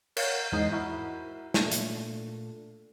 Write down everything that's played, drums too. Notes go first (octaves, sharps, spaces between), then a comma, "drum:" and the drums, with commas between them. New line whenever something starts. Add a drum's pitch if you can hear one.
A#4 C#5 F5 F#5, drum: cymbal
E2 G#2 D#4 C5 D#5 C7
E4 F#4 A#4
A#2 A3 D4, drum: snare
drum: hi-hat